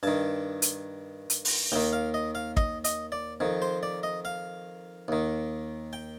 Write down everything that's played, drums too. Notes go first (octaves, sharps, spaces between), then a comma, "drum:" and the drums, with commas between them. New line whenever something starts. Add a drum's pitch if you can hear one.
G2 D#3 A5
drum: hi-hat
drum: hi-hat
drum: open hi-hat
D#2 D#3 G5
F5
D#5
F5
D#5, drum: kick
D#5, drum: hi-hat
D5
F2 D#3
C5
D5
D#5
F5
D#2 D#3
G5